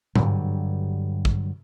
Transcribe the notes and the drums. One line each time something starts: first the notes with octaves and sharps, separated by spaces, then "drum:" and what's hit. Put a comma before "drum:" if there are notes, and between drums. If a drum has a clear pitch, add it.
G2 D3 F#3 G3, drum: tom G#2
drum: kick